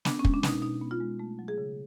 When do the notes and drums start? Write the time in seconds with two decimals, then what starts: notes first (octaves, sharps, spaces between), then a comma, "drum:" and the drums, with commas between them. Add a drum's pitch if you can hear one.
0.05 B3 D4, drum: snare
0.19 C#4
0.25 G#3, drum: kick
0.34 D4
0.43 B2 D#4, drum: snare
0.62 B2 D#4
0.81 B3
0.91 F4
1.00 G#3
1.19 A3
1.39 F#3
1.48 G#4
1.58 C#3